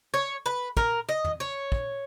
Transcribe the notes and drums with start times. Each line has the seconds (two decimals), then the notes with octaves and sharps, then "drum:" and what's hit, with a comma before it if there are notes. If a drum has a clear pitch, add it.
0.14 C#5
0.46 B4
0.77 A#4, drum: kick
1.09 D#5
1.24 drum: tom
1.40 C#5
1.72 drum: kick